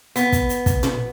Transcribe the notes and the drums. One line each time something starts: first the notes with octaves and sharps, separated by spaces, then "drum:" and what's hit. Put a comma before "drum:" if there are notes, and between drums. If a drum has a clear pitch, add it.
B3, drum: hi-hat
drum: kick, hi-hat
drum: hi-hat
drum: kick, hi-hat
drum: tom A#2